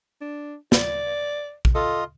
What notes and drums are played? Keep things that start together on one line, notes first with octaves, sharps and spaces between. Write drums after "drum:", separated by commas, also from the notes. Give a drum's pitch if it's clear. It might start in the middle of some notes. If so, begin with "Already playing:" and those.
D4
D5, drum: snare
drum: kick A#1
F4 A4 D#5